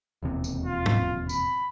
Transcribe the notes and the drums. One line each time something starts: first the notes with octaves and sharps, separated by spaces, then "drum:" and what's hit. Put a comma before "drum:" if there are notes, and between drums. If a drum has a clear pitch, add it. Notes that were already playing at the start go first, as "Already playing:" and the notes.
E1 D#2 C3
drum: tambourine
F4
drum: tom
B5, drum: tambourine